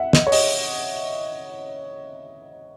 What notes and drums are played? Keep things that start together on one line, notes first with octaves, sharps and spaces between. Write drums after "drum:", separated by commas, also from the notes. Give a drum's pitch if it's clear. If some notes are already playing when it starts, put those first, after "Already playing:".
Already playing: E5 F#5
D#5, drum: snare
C#5
D#5, drum: open hi-hat